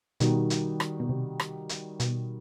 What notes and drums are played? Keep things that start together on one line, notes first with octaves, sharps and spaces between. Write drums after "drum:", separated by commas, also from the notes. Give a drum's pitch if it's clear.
B2 D#3 G3 D#4 F#4, drum: hi-hat
drum: hi-hat
drum: rim click
B2
C3
drum: rim click
drum: hi-hat
B2, drum: hi-hat